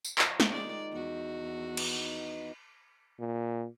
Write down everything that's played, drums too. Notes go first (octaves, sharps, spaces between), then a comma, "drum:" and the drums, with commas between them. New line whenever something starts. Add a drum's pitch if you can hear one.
drum: tambourine
F3, drum: clap
drum: snare
D#3 G#3 D5 G5 A#5
E2 F#4
B3 D#4, drum: cymbal
A#2